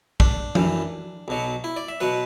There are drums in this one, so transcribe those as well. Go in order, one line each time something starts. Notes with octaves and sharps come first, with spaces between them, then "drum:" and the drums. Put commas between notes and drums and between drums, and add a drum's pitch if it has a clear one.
D4, drum: kick
F#2 E3, drum: tom F3
B1 B2 F#3
E4
D5
E5
B2 F#3 B4